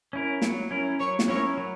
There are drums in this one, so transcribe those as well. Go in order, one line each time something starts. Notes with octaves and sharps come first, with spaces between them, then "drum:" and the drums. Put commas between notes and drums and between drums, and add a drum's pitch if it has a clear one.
C#4 E4 A#4
F#3, drum: snare
C#4 E4 A#4
F#3 C#5
drum: snare
C#4 E4 A#4 C#5
F#3